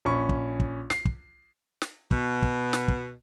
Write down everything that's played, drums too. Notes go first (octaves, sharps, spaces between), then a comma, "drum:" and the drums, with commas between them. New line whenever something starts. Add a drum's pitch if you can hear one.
A#1 C#4 B5 C#6
drum: kick
drum: kick
C7, drum: snare
drum: kick
drum: snare
B2, drum: kick
drum: kick
drum: snare
drum: kick